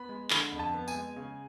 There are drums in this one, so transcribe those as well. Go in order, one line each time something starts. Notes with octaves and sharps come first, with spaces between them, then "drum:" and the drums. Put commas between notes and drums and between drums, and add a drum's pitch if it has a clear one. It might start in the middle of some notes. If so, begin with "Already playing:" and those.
Already playing: B3 B5
G#3
D3 B5, drum: clap
F2
A5
B3
G#5, drum: tambourine
G#3
C#3